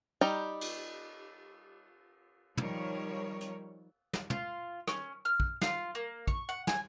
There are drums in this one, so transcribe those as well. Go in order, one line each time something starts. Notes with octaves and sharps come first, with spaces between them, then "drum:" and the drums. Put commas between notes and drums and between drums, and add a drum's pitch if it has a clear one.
G3 D#4 G4 A#5
drum: cymbal
D#3 F3 G3 A#4 C#5, drum: tom
drum: hi-hat
drum: snare
F4, drum: tom
C#4, drum: rim click
F6
drum: kick
F4, drum: snare
A#3
C#6, drum: kick
F#5
G#5, drum: snare